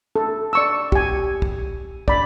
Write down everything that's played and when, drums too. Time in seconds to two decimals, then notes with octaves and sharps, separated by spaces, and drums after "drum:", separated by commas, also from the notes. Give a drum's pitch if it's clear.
0.16 A4
0.53 D5 C#6 E6
0.92 G4 G#5, drum: kick
1.42 drum: kick
2.08 D5 B5, drum: kick